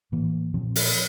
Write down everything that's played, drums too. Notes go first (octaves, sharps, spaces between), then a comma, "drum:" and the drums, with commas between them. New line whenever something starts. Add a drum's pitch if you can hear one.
A2 E3 A#3
A#2 F3 C4
drum: open hi-hat